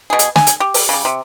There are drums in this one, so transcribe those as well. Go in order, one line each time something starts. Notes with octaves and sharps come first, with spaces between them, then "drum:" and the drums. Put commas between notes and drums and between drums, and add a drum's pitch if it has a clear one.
B2 G#4
drum: hi-hat
G#5, drum: snare
drum: hi-hat
G4
drum: open hi-hat
C#3 G3
C3